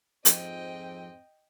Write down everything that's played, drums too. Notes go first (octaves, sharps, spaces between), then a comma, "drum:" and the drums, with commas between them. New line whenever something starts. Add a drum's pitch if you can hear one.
F2 G#2 F3 C4 D#5 G5, drum: hi-hat